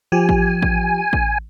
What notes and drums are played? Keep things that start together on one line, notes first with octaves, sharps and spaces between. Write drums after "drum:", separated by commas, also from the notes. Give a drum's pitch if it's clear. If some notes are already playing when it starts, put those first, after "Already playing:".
F3 G4 G#5
drum: kick A1
drum: kick A1
drum: kick A1